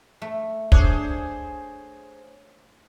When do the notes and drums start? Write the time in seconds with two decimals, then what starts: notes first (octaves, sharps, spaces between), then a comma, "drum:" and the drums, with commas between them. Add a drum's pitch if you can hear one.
0.22 A3
0.72 D4 G#4 C5 C#5, drum: kick